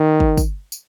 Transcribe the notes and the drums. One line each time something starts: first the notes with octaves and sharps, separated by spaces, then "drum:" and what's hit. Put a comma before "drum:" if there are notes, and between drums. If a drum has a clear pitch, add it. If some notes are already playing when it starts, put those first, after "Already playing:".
Already playing: D#3
drum: kick
drum: kick, tambourine
drum: tambourine